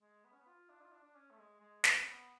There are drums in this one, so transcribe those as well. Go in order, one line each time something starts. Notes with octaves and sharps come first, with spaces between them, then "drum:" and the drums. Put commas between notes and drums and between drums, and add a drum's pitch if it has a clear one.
G#3
B3
C#4
B3
F4
D4
F4
D4
D4
C#4
A3
G#3
G#3
G#3, drum: snare
C#4
B3